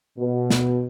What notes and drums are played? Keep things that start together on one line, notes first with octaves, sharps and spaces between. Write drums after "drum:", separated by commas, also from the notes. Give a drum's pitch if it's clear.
B2
drum: snare